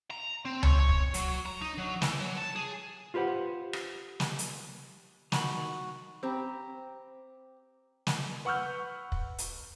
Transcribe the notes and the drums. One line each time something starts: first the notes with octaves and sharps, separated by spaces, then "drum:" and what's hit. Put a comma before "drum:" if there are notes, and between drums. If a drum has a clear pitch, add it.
A#5
C4
C#5, drum: tom C#2
C#5
drum: kick
F#3, drum: hi-hat
A#5
D#4
F#3
E3, drum: snare
F#3
A5
G#4
F4 G4 B4 C5 F#5
drum: rim click
drum: snare
drum: hi-hat
D#3 F#4 A#5 B5, drum: snare
C4 G4 A#5 B5
drum: snare
B4 F#5 C#6 E6 F6 G6
drum: kick
drum: hi-hat